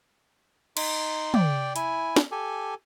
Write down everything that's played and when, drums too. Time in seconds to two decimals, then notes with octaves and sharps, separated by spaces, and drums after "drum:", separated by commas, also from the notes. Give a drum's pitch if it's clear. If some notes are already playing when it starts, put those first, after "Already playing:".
0.77 D#4 C6, drum: cymbal
1.34 D5 G5, drum: tom
1.76 E4 G#5, drum: hi-hat
2.16 drum: snare
2.32 G4 A4 G#5